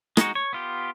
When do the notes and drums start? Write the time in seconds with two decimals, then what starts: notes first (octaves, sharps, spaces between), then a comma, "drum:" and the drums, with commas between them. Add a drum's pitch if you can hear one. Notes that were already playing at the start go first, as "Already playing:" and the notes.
0.17 G#3 D#4 F#4, drum: rim click
0.35 C#5
0.53 B3 F4 G4